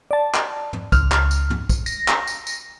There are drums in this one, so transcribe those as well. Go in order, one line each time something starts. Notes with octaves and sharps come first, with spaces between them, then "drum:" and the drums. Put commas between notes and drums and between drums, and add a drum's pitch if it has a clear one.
D5 A5
drum: clap
drum: tom
C#2 F6, drum: kick, tambourine
drum: clap
drum: tambourine
drum: tom
drum: kick, tambourine
A#6, drum: tambourine
drum: clap
drum: tambourine
drum: tambourine